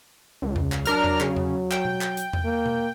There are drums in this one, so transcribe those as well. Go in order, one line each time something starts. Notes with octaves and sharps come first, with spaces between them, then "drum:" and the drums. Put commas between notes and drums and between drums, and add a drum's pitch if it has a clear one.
C#2
drum: tom E2
drum: clap
F#3 D4 A#4 F6, drum: hi-hat
drum: tom E2
C#3, drum: clap
drum: tom E2
G5, drum: clap
drum: tom B2
drum: clap
drum: hi-hat
drum: tom E2
A#3
drum: tom B2